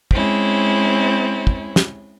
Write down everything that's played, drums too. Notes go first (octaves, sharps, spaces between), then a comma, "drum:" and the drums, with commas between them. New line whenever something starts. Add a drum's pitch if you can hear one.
G#3 C4 C#4 E4, drum: kick
drum: kick
drum: snare